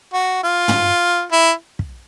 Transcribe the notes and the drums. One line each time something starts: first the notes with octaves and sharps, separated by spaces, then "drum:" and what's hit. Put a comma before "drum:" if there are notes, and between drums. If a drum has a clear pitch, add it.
F#4
F4
drum: tom
E4
drum: kick